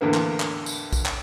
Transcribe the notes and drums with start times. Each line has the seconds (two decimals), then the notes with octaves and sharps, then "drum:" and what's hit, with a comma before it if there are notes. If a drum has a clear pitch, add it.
0.01 E2 A2 D3 A#3 B3
0.14 drum: clap
0.40 drum: clap
0.66 drum: tambourine
0.93 drum: kick B1, tambourine
1.06 drum: clap